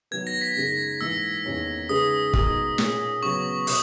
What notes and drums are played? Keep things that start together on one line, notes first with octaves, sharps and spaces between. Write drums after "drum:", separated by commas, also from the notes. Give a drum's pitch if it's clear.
D#3 F#3 B3 G#6
A#6
B6
F#2 C#3 G#3 D#4 A#4
G#2 E3 A#3 E6
E2 D#3 A#3 C#4
C#3 G#3 D#4 G#4 B4 D#6
B2 G#3 D#4 A#4, drum: kick
A#2 A#3 C#4 G#4, drum: snare
C#3 F#3 B3 C#6
B2 D#6, drum: open hi-hat